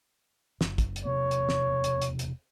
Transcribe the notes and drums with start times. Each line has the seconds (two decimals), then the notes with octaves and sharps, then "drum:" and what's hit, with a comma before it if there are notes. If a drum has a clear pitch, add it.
0.61 F#1, drum: snare
0.78 drum: kick, hi-hat
0.96 drum: hi-hat
1.05 E1 C3 B3 C#5
1.31 drum: hi-hat
1.49 drum: snare
1.84 drum: hi-hat
2.02 drum: hi-hat
2.19 drum: hi-hat